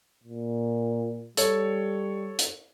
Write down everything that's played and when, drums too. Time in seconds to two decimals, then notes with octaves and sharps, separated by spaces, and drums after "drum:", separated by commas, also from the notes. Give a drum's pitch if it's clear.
0.24 A#2
1.37 G3 A4 C#5, drum: hi-hat
2.39 drum: hi-hat